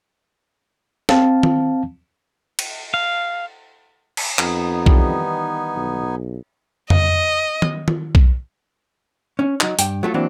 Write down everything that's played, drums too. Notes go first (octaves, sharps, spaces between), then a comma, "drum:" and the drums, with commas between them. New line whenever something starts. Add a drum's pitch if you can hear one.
C4 F5 A5, drum: snare
drum: tom D#3
drum: cymbal
F5
drum: cymbal
F2 B3 D#4 G#5, drum: clap
D#3 E3 G3, drum: kick B1
B1
D#5, drum: tom F2
drum: tom D#3
drum: tom D#3
drum: kick B1
C#4
F#3 D#4, drum: clap
G2 G5, drum: hi-hat
F#3 A3 F4
E3 F#3 A#3 C4 D4